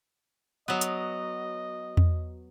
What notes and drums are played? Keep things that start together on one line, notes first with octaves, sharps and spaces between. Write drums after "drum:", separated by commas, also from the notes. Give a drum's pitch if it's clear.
F#3 B3 D#5
drum: hi-hat
drum: tom E2